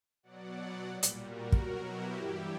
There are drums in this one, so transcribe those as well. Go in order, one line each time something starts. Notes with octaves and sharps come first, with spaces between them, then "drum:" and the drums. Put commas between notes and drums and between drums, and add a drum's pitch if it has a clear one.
B2 F#3 D5 F#5
A#2 G3
drum: hi-hat
F#4 A#4
B2 F#3, drum: kick
E4 G4
G2 E3 G3